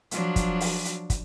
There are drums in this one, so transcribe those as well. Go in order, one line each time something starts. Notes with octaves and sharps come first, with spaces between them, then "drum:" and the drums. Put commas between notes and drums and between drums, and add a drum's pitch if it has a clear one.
F3 F#3 D4, drum: hi-hat
drum: kick, hi-hat
drum: open hi-hat
drum: hi-hat
drum: kick, hi-hat